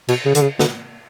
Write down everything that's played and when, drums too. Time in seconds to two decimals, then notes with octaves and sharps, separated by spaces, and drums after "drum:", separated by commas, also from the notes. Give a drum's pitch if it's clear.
0.08 B2, drum: cymbal
0.25 C#3
0.35 D3, drum: hi-hat
0.42 C#3
0.59 D3, drum: snare